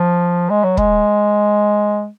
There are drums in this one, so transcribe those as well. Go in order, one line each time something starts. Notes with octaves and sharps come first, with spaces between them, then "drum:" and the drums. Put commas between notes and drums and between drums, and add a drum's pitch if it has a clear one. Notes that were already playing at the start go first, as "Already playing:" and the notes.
Already playing: F3
G#3
F#3
G#3, drum: kick